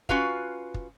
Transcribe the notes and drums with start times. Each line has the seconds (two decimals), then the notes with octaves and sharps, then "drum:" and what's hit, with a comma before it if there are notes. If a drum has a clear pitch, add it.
0.09 C#4 F4 F#4 B4 F5, drum: kick
0.74 drum: kick